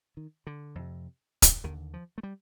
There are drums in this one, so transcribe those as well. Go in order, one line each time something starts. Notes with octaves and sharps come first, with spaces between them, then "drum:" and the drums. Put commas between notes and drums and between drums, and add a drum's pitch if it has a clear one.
D#3
D3
F2 C3
drum: kick, hi-hat
D#2 D3 D#3
F3
A3
G3